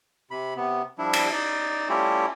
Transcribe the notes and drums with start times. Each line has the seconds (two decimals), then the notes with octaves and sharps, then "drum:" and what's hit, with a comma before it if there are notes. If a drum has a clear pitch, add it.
0.31 C3 B5
0.57 C3 B3
0.98 F3 G3 D4 E4
1.13 drum: cymbal
1.32 D#4 D5
1.89 G3 A3 C#4 E4 F4 G4